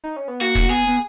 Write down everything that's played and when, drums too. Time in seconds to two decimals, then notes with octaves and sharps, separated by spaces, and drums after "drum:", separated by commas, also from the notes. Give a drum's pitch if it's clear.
0.04 D#4
0.17 C#4
0.28 B3
0.41 A#3 F#4
0.55 drum: kick
0.69 B3 G#4
0.87 B3